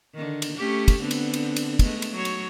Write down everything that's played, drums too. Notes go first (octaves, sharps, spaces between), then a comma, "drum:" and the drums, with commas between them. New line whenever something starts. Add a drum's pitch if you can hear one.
D3 D#3
drum: cymbal
A3 C#4 G4
drum: kick, cymbal
D3 B3 C4
drum: cymbal
drum: cymbal
drum: cymbal
G#3 A3 B3, drum: kick, cymbal
drum: cymbal
F#3 C#5
drum: cymbal